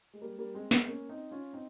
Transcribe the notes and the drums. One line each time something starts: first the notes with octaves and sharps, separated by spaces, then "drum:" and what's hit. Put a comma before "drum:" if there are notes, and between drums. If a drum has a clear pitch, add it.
G#3
G3 A#3
G3 A#3
G#3 C4
G#3 C4, drum: snare
A#3 C#4
C4 D#4
C#4 F4
C4 D#4